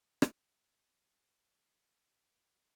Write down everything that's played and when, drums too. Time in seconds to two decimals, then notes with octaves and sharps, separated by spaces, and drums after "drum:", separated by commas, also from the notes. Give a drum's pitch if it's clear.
0.22 drum: rim click
1.55 D3 F#3 G#3 D4 G4 D5